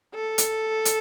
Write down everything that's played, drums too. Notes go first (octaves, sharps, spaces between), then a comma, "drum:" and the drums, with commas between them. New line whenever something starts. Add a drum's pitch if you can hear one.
A4
drum: hi-hat
drum: hi-hat